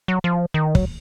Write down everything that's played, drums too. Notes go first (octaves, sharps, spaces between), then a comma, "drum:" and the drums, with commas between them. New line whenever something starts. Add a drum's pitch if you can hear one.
F#3
F3
D#3
F#3, drum: kick